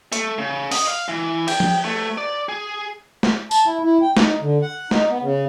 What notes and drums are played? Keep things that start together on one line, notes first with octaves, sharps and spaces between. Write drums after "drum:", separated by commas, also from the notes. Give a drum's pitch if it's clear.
A3, drum: hi-hat
C#3
D#5, drum: open hi-hat
F5
E3
G5, drum: cymbal
drum: tom F3
A3
D5
G#4
drum: snare
A5, drum: tambourine
E4
E4
G5
D#4, drum: snare
D3
F#5
D#4, drum: snare
B3
C#3